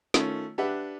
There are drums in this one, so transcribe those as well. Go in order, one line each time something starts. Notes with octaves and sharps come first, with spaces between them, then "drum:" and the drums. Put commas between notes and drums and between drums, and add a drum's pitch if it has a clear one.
D#3 A3 C#4 F4, drum: snare
D4 G4 B4 E5 F#5